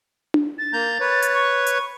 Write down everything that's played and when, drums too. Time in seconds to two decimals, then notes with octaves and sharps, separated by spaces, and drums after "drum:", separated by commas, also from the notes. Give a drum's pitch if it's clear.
0.34 drum: tom D4
0.58 A6
0.73 A#3 A#5 G6
1.00 B4 C#5
1.22 drum: hi-hat
1.34 C#6
1.67 drum: hi-hat